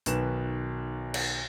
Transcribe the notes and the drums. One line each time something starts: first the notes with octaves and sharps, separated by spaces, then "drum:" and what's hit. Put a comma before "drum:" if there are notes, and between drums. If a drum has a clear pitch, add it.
B1 B2 D#3 B4 E7, drum: hi-hat
drum: cymbal